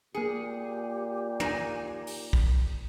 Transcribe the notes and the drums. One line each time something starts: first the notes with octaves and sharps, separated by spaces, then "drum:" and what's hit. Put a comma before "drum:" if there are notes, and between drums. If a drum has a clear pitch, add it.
A#2 A#3 G4 G#4 C#7
D#4 G#5, drum: tom
drum: open hi-hat
drum: kick B1